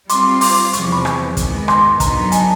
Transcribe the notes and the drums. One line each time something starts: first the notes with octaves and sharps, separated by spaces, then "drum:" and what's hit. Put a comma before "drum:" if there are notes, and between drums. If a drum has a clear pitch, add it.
G3 C4 F4 C6 D6, drum: hi-hat
C6 D6, drum: open hi-hat
E2 C3 F3 C#6, drum: hi-hat
D6
B5 C#6
drum: rim click
G#2 D#3 G#3 B3, drum: kick, hi-hat
C6 D6, drum: rim click
D3 F#3 B3 D#4 A#5 C6, drum: kick, hi-hat
G#5, drum: hi-hat
A5